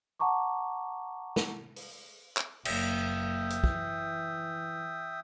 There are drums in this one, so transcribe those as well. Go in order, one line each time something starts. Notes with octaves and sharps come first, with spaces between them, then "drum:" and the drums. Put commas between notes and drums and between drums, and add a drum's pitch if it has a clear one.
F#5 A5 A#5 C#6 D6
drum: snare
drum: open hi-hat
drum: clap
F#1 A#3 E5 G5 D#6, drum: cymbal
drum: hi-hat
E3, drum: kick